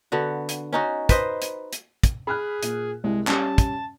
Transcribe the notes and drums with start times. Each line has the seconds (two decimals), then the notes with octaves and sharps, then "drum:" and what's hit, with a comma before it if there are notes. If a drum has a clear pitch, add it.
0.12 D3 B3 F#4
0.49 drum: hi-hat
0.73 C#4 D#4 F#4
1.09 B4 C5 D#5, drum: kick, hi-hat
1.42 drum: hi-hat
1.73 drum: hi-hat
2.03 drum: kick, hi-hat
2.27 G#4 B5 F6 F#6
2.63 A#2, drum: hi-hat
3.04 C2 G#3
3.27 G3 C#4 A5, drum: clap
3.58 drum: kick, hi-hat